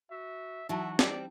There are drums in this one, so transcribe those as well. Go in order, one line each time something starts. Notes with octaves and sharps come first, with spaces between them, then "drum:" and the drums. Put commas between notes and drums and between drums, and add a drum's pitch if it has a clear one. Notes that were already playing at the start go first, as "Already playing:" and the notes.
F#4 E5
E3 F#3 D#4 E4 F#4 E5 A5
G3 C4 D5, drum: snare